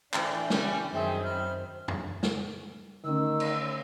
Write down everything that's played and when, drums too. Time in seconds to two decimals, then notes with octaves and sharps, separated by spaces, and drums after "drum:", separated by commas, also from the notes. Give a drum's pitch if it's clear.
0.14 A2 E3 D4 G5, drum: clap
0.50 E3 G3 C#4, drum: snare
0.93 F#2 D#3 C4 G#4 E5 G5
1.23 B5 F6
1.88 drum: tom F2
2.23 drum: snare
3.04 D3 D#3 A3 C#4 E6
3.40 drum: cymbal